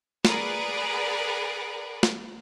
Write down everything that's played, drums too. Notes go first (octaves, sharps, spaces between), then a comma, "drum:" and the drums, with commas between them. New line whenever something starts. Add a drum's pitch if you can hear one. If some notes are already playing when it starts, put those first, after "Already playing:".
G#4 A#4 B4 D5 F#5, drum: snare
drum: snare